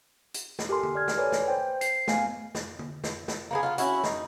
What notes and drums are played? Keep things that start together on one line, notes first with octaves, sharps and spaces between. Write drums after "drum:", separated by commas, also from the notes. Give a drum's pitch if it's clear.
drum: hi-hat
drum: snare
G4 A4 A#4 G#5 C6
drum: tom D3
D5 C6 F6 G#6
drum: snare
A4 B4 C#5 D5 G#5
drum: snare
C5 G5
C7, drum: hi-hat
A3 B3 F5 G#5, drum: snare
drum: snare
drum: tom D3
drum: snare
drum: snare
A#3 B3 G#4
B3 C#4 F4
C#4 E4 F#4, drum: hi-hat
D#4, drum: snare